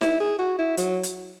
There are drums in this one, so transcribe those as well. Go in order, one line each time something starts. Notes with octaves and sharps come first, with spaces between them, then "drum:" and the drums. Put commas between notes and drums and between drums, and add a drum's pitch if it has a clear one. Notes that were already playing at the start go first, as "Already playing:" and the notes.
E4, drum: snare D#4
G#4
F#4
E4
F#3, drum: hi-hat
drum: hi-hat